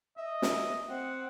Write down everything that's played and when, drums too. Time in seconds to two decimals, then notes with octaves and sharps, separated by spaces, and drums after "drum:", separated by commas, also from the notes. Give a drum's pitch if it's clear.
0.17 D#5 E5
0.42 drum: snare
0.89 C4 F#5